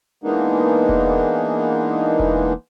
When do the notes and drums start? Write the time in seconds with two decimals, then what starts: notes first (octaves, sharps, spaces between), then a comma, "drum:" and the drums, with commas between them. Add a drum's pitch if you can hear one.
0.24 E3 G#3 A#3 B3 D4 D#4
0.89 drum: kick E1
2.20 drum: kick E1